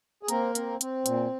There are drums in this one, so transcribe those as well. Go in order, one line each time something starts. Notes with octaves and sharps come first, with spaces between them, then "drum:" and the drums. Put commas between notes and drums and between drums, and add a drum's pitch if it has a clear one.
G#4
A#3 C4 A#4, drum: hi-hat
C4, drum: hi-hat
C4, drum: hi-hat
A#2, drum: hi-hat